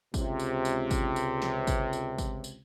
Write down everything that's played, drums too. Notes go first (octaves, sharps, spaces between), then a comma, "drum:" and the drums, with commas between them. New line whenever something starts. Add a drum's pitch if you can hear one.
C#2 C3, drum: kick G#1, tambourine
drum: tambourine
drum: tambourine
drum: kick G#1, tambourine
drum: tambourine
drum: snare
drum: kick G#1, tambourine
drum: tambourine
drum: kick G#1, tambourine
drum: tambourine